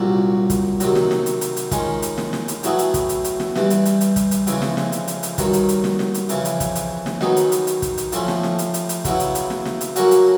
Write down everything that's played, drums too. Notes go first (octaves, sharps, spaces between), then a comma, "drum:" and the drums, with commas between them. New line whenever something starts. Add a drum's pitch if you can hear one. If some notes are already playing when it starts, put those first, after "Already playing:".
Already playing: C2 A#2 F#3
drum: kick, hi-hat
C3 D#3 F#3, drum: hi-hat
drum: snare
drum: snare
drum: hi-hat
drum: hi-hat
drum: hi-hat
D#3 G#3 C#4 F4, drum: kick, hi-hat
drum: hi-hat
drum: snare
drum: snare
drum: hi-hat
A2 F#3 B3 E4 G#4, drum: hi-hat
drum: hi-hat
drum: kick, hi-hat
drum: hi-hat
drum: hi-hat
drum: snare
G2 E3 G3, drum: snare
drum: hi-hat
drum: hi-hat
drum: hi-hat
drum: kick, hi-hat
drum: hi-hat
F2 C#3 E3 G#3, drum: hi-hat
drum: snare
drum: snare
drum: hi-hat
drum: hi-hat
drum: hi-hat
G2 D#3 F#3, drum: kick, hi-hat
drum: hi-hat
drum: hi-hat
drum: snare
drum: snare
drum: hi-hat
F2 C#3 E3, drum: hi-hat
drum: hi-hat
drum: kick, hi-hat
drum: hi-hat
drum: snare
D#3 F#3 B3 D#4 G#4, drum: snare
drum: hi-hat
drum: hi-hat
drum: hi-hat
drum: kick, hi-hat
drum: hi-hat
A2 F3 A3 C#4 F4, drum: hi-hat
drum: snare
drum: snare
drum: hi-hat
drum: hi-hat
drum: hi-hat
C#3 F#3 B3 E4, drum: kick, hi-hat
drum: hi-hat
drum: hi-hat
drum: snare
drum: snare
drum: hi-hat
D3 F#3 A#3 C#4 F#4, drum: hi-hat
drum: hi-hat